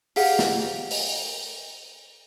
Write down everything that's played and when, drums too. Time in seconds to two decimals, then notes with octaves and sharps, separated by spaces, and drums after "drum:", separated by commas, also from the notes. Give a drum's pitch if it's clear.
0.16 G4 G#4 F5 F#5, drum: open hi-hat
0.39 drum: snare
0.91 drum: open hi-hat